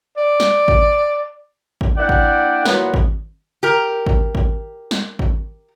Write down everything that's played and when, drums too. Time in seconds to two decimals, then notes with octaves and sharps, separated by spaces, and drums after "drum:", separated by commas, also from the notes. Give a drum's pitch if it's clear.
0.17 D5
0.40 drum: snare
0.68 drum: kick G#1
1.81 drum: kick G#1
1.97 A#3 D4 E4 D5 F#5 G5
2.09 drum: kick G#1
2.65 A#2 E3 F#3 B3, drum: snare
2.94 drum: kick G#1
3.63 G4 A#4
4.06 drum: kick G#1
4.35 drum: kick G#1
4.91 drum: snare
5.19 drum: kick G#1